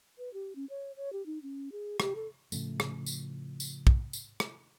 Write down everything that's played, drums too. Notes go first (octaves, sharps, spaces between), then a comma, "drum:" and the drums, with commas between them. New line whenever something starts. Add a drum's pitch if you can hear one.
B4
G4
C#4
C#5
C#5
G4
D#4
C#4
G#4
G4, drum: rim click
A4
A2 C#3 F3 A3, drum: tambourine
drum: rim click
drum: tambourine
drum: tambourine
drum: kick
drum: tambourine
drum: rim click